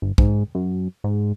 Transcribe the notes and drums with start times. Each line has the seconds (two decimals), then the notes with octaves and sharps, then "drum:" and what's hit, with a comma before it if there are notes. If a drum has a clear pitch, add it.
0.02 G1
0.18 G#2, drum: kick
0.55 F#2
1.04 G#2